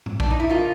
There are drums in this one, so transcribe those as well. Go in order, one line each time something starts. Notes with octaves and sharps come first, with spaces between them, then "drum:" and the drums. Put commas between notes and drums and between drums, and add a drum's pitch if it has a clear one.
drum: tom G#2
D4, drum: kick A#1
D#4
E4
C#3 F3 A#3 D#4 F4